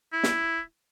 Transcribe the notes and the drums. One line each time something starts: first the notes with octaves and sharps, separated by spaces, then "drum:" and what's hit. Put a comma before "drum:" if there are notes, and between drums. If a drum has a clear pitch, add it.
E4
drum: snare